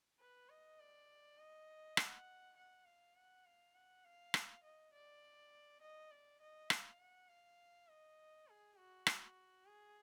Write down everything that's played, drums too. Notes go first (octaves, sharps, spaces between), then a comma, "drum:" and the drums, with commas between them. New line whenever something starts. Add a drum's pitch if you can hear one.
B4
D#5
D5
D#5
F#5, drum: rim click
F#5
F5
F#5
F5
F#5
F5
drum: rim click
D#5
D5
D#5
D5
D#5
F5, drum: rim click
F#5
F5
D#5
G#4
F#4
drum: rim click
G#4